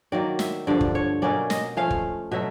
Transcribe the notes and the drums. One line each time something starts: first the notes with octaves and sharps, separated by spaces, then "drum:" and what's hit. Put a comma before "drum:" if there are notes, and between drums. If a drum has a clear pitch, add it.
D#3 F#3 A#3 D5
E5, drum: snare
G2 D3 F3 D5
drum: kick
C#5
B2 F#3 A#3 C#4 D5
D#5, drum: snare
F3 A3 C#4 F5
drum: kick
B2 F#3 A3 E5